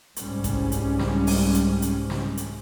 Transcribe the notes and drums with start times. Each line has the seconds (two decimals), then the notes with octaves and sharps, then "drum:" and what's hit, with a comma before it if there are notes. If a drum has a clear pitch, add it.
0.16 C2 G#2 G3 C#4, drum: hi-hat
0.44 drum: kick A1, hi-hat
0.72 drum: hi-hat
0.99 drum: snare
1.27 drum: open hi-hat
1.55 drum: hi-hat
1.82 drum: hi-hat
2.10 drum: snare
2.37 drum: hi-hat